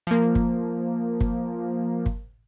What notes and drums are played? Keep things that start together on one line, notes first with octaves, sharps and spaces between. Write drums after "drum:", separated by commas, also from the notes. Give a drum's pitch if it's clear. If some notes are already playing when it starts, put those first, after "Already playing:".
F3 A#3
drum: kick G1
drum: kick G1
drum: kick G1